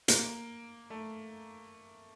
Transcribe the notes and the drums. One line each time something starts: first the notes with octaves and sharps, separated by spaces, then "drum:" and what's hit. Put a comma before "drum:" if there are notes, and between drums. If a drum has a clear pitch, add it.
A#3, drum: hi-hat
A3